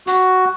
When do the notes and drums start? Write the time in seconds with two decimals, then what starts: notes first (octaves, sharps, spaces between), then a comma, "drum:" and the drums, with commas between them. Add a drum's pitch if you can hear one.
0.07 F#4, drum: hi-hat